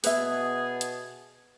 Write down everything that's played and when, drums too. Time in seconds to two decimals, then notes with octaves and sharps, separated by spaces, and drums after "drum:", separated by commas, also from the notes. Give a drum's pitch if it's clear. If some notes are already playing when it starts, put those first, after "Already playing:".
0.04 B2 B3 G#4 B4 E5, drum: open hi-hat
0.81 drum: hi-hat